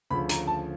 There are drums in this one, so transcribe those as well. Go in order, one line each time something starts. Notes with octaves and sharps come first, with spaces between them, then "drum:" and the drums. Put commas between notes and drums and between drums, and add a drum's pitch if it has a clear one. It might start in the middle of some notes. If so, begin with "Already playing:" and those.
D2 C#3 F3 B5
A#5, drum: hi-hat
A5